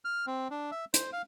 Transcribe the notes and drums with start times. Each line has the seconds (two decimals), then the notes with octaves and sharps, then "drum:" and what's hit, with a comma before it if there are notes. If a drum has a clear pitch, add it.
0.05 F6
0.27 C4
0.50 D4
0.72 E5
0.94 C5, drum: hi-hat
1.13 F5